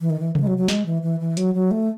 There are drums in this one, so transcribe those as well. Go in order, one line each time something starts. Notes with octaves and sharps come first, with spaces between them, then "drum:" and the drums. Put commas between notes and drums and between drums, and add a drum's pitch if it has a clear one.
E3
D#3
E3
E3, drum: tom C3
G#3
F#3
F#3
G#3, drum: snare
E3
E3
E3
F#3, drum: hi-hat
F#3
A3